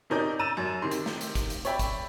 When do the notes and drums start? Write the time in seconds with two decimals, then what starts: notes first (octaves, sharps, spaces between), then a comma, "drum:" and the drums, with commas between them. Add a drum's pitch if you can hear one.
0.10 C3 C#4 D#4 A#4 D5 G6
0.39 A#5 E6 A6 D#7 E7
0.57 F#2
0.82 C3 D#3 C6
0.91 drum: hi-hat
1.06 drum: snare
1.21 drum: hi-hat
1.35 drum: kick, hi-hat
1.50 drum: hi-hat
1.65 C#5 D5 E5 G5 B5, drum: hi-hat
1.79 drum: kick, hi-hat